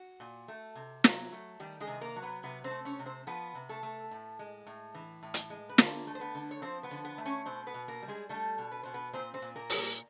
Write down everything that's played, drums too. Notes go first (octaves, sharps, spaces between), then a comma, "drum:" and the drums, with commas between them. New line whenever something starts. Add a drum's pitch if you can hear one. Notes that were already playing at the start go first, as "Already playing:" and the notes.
Already playing: F#4
A#2
A3
C3
F#3, drum: snare
A3
D#3 G3 G4
G#3 G#4
C3
A#3 A#4
F#3
B3 B4
C3 B3 B4
C4 C5
A3
C#4 C#5
C3
C4 C5
F3 B3 B4
C3
A3 A4
A3
A2
G#3
A2
E3
A2
drum: hi-hat
G#3
B4
D3 A#3 A#4, drum: snare
A3
C5
B3 B4
D3
C#5
F3 C4 C5
B3 B4
D3
B3 B4
A3
C#4 C#5
B2 C4 C5
B3 B4
B2
A#3 A#4
G3
G#3 G#4
G3 A3 A4
B2
B4
B2 C5
B3 B4
A#2 C4 C5
C4 C5
A#2
A#3 A#4
G3, drum: open hi-hat
A#3 A#4